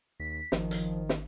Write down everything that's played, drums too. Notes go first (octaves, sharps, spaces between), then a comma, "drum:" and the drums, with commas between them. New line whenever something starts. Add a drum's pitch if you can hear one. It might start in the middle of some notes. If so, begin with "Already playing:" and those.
D#2 B6
G#1 D#3 F3, drum: snare
drum: hi-hat
drum: snare